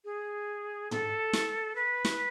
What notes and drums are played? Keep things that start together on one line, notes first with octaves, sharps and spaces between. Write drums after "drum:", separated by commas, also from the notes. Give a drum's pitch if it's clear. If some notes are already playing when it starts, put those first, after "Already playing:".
G#4
A4, drum: tom
drum: snare
B4
drum: snare